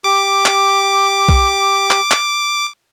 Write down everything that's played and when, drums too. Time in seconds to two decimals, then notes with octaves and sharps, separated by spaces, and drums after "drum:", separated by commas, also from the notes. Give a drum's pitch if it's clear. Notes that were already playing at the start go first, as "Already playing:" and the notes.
0.04 G4 D6
0.46 drum: clap
1.29 drum: kick
1.91 drum: clap
2.11 drum: clap